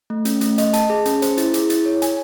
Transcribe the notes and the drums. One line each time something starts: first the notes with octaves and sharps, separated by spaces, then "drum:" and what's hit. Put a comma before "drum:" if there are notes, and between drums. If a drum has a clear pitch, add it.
A3
C#4, drum: hi-hat
A3, drum: hi-hat
D#5, drum: hi-hat
A5, drum: hi-hat
G#4
C#4, drum: hi-hat
C5, drum: hi-hat
E4, drum: hi-hat
G#4, drum: hi-hat
E4, drum: hi-hat
C#5
G#5, drum: hi-hat